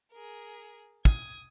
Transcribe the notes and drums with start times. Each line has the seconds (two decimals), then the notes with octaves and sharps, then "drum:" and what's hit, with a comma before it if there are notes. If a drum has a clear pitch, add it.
0.12 G#4 A#4
1.05 D#6 G#6, drum: kick